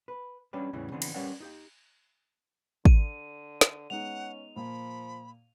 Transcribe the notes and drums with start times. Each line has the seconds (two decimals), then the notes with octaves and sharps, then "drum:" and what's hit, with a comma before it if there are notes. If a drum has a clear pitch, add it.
0.08 B4
0.53 G3 C#4 D4 G4 B4
0.73 E2 A2 C#3 E3 G3
0.92 C#3 E3 B3 C4 D4
1.02 drum: cymbal
1.14 G3 C#4 A#4 B4 D5 F#5
1.40 D#4 G4
2.85 D3 D#7, drum: kick
3.61 drum: snare
3.90 G#3 B3 C#4 D#4 F#5 F7
4.56 A#2 F3 A#3 B5